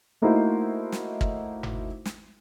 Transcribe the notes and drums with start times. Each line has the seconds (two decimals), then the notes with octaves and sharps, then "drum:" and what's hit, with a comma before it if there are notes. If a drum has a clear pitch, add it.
0.22 A3 A#3 D#4 E4 F#4 C5
0.92 drum: snare
1.21 drum: kick
1.63 drum: tom G1
2.06 drum: snare